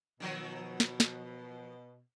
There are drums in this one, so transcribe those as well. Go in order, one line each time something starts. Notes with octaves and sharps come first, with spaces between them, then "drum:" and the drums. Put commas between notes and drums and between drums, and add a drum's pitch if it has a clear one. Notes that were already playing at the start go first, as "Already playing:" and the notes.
B2 D#3 F3 F#3
drum: snare
drum: snare